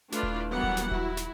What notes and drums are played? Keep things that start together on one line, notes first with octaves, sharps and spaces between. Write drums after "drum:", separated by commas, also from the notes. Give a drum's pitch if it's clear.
A3 D4 E4 F4 B4 D5, drum: snare
drum: kick D#1
E3 F#3 G3 A#3 B3 F#5
drum: kick D#1
drum: snare
E4 F#4, drum: kick D#1
drum: snare